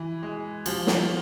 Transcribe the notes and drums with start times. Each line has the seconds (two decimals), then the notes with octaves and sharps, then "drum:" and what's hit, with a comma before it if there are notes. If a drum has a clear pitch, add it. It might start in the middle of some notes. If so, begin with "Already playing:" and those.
Already playing: E3
0.23 G#3
0.66 F3, drum: cymbal
0.87 drum: snare